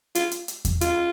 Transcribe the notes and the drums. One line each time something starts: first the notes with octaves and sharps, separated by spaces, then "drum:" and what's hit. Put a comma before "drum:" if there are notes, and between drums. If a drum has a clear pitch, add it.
F4, drum: hi-hat
drum: hi-hat
drum: hi-hat
drum: kick E2, hi-hat
F4, drum: hi-hat